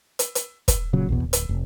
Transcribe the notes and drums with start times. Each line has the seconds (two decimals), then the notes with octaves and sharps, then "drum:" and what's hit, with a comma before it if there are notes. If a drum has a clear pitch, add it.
0.19 drum: hi-hat
0.35 drum: hi-hat
0.68 drum: kick, hi-hat
0.93 A#2 C#3 F#3
1.09 A#1 E2 B2
1.24 D1
1.33 drum: hi-hat
1.49 F1